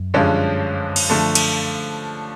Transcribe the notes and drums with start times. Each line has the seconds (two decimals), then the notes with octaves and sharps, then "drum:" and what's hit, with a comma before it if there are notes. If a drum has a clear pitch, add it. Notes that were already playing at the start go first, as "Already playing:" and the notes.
Already playing: F#2
0.14 G2 D3 F3 G#3 C#4
0.96 drum: cymbal
1.10 D3 F3 A3
1.35 drum: cymbal